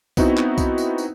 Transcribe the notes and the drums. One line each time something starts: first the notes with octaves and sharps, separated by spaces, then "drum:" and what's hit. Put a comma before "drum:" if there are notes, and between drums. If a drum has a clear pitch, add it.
B3 C4 D#4 E4 F#4, drum: kick B1, tambourine
drum: clap
drum: kick B1, tambourine
drum: tambourine
drum: tambourine